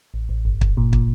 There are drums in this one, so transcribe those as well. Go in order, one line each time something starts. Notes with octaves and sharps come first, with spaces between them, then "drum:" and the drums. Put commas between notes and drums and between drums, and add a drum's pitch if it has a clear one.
A1
A1
G1
G1, drum: kick
A#2
A#2, drum: kick